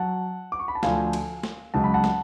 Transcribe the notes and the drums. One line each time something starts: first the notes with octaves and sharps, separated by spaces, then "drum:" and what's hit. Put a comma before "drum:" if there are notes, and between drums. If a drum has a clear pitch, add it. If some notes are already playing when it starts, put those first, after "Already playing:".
Already playing: F#3 F#5 A5
D6
C#6
B5
A5
D2 D3 F3 F5 G#5, drum: snare
drum: cymbal
drum: snare
C#2 C#3 F#3 A5
B5
F#5 A5
drum: snare